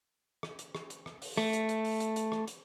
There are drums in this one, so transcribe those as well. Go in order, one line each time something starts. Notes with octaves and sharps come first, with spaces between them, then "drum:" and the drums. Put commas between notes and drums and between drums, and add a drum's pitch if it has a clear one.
drum: rim click
drum: hi-hat
drum: rim click
drum: hi-hat
drum: rim click
drum: open hi-hat
A3, drum: rim click
drum: hi-hat
drum: hi-hat
drum: open hi-hat
drum: hi-hat
drum: hi-hat
drum: rim click
drum: hi-hat